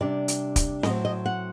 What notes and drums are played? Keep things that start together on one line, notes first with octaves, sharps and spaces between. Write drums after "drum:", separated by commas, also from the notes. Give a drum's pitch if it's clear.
C3 G3 D4 D5
drum: hi-hat
drum: kick, hi-hat
A2 F#3 C4 D#5, drum: snare C4
D#5
F#5